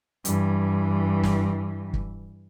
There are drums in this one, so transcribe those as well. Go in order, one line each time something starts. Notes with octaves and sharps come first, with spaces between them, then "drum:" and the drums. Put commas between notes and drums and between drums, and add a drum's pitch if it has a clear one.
G2 E3, drum: hi-hat
drum: snare
drum: kick